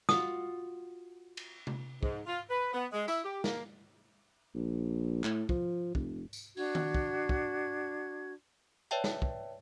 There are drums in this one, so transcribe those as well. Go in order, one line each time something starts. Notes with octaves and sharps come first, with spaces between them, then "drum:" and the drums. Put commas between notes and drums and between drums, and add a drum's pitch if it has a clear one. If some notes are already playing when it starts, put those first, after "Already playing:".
F4 F#4 D#6, drum: snare
drum: cymbal
drum: tom C3
G#2, drum: kick
F4
B4
B3
G#3
E4, drum: tambourine
G4
A#3, drum: snare
A#1
A2, drum: clap
F3, drum: kick
F1, drum: kick
drum: tambourine
D4 F#4 G#6, drum: open hi-hat
drum: tom D#3
drum: kick
drum: kick
B4 C#5 D5 E5 G5 A5
drum: snare
drum: kick